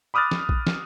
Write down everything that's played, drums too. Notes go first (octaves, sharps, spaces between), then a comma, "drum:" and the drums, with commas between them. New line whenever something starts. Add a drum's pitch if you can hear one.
B5 D6 D#6 F6 F#6 A6
drum: snare
drum: kick
drum: snare